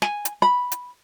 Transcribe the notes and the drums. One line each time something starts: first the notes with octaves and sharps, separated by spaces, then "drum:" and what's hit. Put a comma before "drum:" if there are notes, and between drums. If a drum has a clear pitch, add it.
G#5, drum: snare
drum: hi-hat
B5
drum: hi-hat